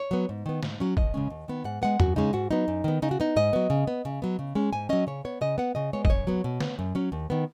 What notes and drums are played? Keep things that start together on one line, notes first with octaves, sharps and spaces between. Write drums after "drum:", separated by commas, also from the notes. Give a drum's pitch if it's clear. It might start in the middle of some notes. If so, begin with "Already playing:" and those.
Already playing: C#5
F#3 B3
G#2
D#3 B3
G#2, drum: snare
F#3 C#4
D#2 D#5, drum: kick
C#3 G#3 C#4
D#2
D#3 B3
G#2 F#5
G#3 B3 F#5
F#2 F#4, drum: tom E2
C#3 G#3 C#4 D#4
G#2 F#4
F#3 B3 D#4
F#2
D#3 B3
C#3 D#4
F#4
B3 D#4
G#2 D#5
F#3 B3
C#3
B3
C#3
F#3 B3
C#3
G#3 C#4
G#2 G#5
F#3 C#4 D#5
C#3 C#5
B3 C#5
C#3 D#5
B3 F#5
C#3 D#5
G#3 B3 C#5
D#5, drum: kick
F#2 C#5
F#3 B3
B2
B3, drum: snare
F#2
F#3 C#4
D#2
D#3 B3